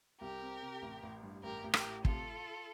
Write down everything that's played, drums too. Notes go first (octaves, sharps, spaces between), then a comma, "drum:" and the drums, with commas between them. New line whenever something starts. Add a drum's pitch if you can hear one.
C2 G4 A#4
C4
C3
A1
A1
G2
A1 G4 A#4
A1
G4 A#4, drum: rim click
A2
C3 F4 A4, drum: kick